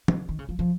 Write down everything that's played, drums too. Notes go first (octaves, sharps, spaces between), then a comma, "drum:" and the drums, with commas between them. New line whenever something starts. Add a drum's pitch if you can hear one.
C#3, drum: tom
D#3
C#3
F3
F3